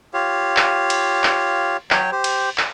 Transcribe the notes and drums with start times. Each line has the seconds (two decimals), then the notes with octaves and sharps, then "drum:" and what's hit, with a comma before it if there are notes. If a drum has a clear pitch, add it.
0.14 F4 G4 C#5 F5
0.57 drum: clap
0.90 drum: cymbal
1.24 drum: clap
1.91 F#3 C#5 G5, drum: clap
2.12 G4 C5
2.24 drum: cymbal
2.58 drum: clap